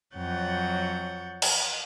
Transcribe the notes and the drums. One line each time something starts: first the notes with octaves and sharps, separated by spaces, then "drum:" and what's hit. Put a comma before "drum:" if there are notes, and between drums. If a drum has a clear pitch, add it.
F2 F#3 C#5 F#5 G6 A6
drum: cymbal